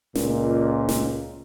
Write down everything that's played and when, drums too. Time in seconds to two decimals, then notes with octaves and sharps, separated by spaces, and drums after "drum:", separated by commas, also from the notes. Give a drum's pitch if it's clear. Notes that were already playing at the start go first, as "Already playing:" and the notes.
0.15 C#2 A#2, drum: snare
0.89 drum: snare